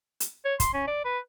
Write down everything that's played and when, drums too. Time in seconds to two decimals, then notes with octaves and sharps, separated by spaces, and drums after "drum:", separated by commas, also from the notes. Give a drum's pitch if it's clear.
0.20 drum: hi-hat
0.45 C#5
0.60 C6, drum: kick, hi-hat
0.74 C#4
0.87 D5
1.04 B4